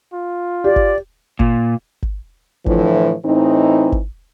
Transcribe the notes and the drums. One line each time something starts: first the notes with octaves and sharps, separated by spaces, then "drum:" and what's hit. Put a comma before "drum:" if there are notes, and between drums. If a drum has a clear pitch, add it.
F4
G4 D5
drum: kick G#1
A#2, drum: kick G#1
drum: kick G#1
A2 D3 E3 F3, drum: kick G#1
A2 E3 C4 D#4
drum: kick G#1